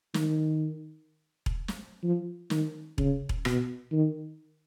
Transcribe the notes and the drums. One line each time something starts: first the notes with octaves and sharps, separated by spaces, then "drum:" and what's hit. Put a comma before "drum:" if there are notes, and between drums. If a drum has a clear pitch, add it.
D#3, drum: snare
drum: kick E1
drum: snare
F3
D#3, drum: snare
C#3, drum: kick E1
drum: kick E1
B2, drum: rim click
D#3